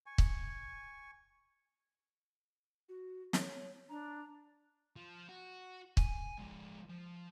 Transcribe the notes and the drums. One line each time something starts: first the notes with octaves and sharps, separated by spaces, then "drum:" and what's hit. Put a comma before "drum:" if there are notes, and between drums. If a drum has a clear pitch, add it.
G#5 C#6
drum: kick
F#4
C#5, drum: snare
D4 A#5
F3
F#4
G#5, drum: kick
F3 G#3
F3